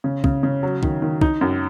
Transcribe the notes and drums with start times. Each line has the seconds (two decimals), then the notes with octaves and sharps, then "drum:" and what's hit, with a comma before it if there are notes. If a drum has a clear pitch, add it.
0.04 C#3
0.24 C#3, drum: kick
0.43 C#3
0.63 F#3
0.83 D#3, drum: kick
1.02 D#3
1.21 D#4, drum: kick
1.41 F#2